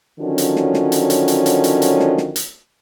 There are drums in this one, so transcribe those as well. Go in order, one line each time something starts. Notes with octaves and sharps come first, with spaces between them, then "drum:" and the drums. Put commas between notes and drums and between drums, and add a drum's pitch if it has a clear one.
D3 D#3 F3 F#3 C#4
drum: hi-hat
drum: snare
drum: snare
drum: hi-hat
drum: hi-hat
drum: hi-hat
drum: hi-hat
drum: hi-hat
drum: hi-hat
drum: snare
drum: snare
drum: hi-hat